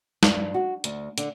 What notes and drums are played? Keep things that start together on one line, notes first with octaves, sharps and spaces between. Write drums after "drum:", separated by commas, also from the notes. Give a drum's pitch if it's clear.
G2, drum: snare
F#4
D2, drum: hi-hat
D3, drum: hi-hat